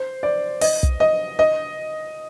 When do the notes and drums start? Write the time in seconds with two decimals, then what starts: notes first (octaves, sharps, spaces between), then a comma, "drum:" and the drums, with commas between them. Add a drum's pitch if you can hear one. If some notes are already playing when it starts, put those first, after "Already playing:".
Already playing: C5
0.23 D5
0.61 D#5, drum: open hi-hat
0.83 drum: kick
1.00 D#5
1.39 D#5